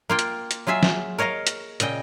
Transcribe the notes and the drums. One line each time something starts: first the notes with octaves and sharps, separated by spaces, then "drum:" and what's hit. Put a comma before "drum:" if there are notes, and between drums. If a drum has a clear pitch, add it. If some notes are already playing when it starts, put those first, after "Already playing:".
A#3 F4 G5
drum: hi-hat
drum: hi-hat
F#3 F4 G#4 E5
drum: snare
A#4 C#5 D#5 F5 A#5
drum: hi-hat
A#2 C#3 D#5 G5, drum: hi-hat